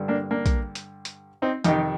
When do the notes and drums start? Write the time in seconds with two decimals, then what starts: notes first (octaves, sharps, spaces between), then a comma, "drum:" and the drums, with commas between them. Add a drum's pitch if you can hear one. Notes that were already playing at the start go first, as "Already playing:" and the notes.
Already playing: G2 D3
0.08 A#3 D4
0.31 A#3 D4
0.46 drum: kick A#1, hi-hat
0.75 drum: hi-hat
1.05 drum: hi-hat
1.42 C4 D#4
1.64 F2 C3 D#3 D#4 G4, drum: hi-hat